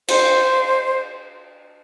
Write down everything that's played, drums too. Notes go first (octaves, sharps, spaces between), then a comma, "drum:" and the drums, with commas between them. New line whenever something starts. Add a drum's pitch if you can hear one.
C5, drum: cymbal